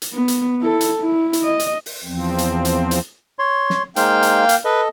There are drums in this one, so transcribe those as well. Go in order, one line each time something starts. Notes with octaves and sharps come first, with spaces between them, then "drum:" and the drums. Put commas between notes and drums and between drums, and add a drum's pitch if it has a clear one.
drum: hi-hat
B3
drum: hi-hat
E4 A4
drum: hi-hat
E4
drum: hi-hat
D#5
drum: hi-hat
drum: open hi-hat
E2 F3 C4
drum: hi-hat
drum: hi-hat
drum: hi-hat
C#5 C6
drum: snare
G#3 A#3 D#4 C5 F5 G5, drum: hi-hat
drum: hi-hat
drum: hi-hat
A4 B4 D#5